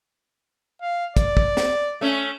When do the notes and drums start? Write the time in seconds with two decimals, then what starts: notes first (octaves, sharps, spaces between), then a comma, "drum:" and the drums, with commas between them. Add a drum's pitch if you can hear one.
0.82 F5
1.17 D5, drum: kick, hi-hat
1.37 drum: kick
1.57 drum: snare
2.01 A3 C#4